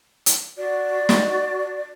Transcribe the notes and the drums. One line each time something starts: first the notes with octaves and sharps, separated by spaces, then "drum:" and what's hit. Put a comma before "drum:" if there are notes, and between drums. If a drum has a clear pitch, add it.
drum: hi-hat
F#4 D5
drum: snare